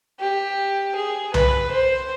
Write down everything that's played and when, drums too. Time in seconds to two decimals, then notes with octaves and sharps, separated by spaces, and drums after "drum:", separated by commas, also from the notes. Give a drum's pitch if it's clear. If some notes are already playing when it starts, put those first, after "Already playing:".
0.20 G4
0.95 G#4
1.34 B4, drum: tom C2
1.71 C5